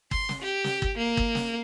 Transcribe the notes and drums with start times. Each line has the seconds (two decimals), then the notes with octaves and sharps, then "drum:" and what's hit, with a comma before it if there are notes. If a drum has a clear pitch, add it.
0.11 C6, drum: kick G1
0.29 drum: snare
0.42 G4
0.64 drum: snare
0.82 drum: kick G1
0.97 A#3
1.17 drum: kick G1
1.35 drum: snare